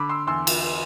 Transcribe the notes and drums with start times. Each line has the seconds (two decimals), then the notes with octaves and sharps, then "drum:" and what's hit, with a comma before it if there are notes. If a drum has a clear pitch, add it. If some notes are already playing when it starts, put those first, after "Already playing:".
Already playing: D3 B5 D6
0.09 C6 E6
0.27 E2 C6 E6
0.47 drum: cymbal